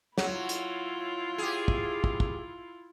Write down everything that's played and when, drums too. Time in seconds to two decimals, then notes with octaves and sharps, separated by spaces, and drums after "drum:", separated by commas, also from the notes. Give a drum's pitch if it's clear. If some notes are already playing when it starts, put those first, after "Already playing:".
0.18 F#3 E4 F4, drum: snare
0.49 drum: hi-hat
1.38 G4 G#4
1.68 drum: kick
2.04 drum: kick
2.20 drum: kick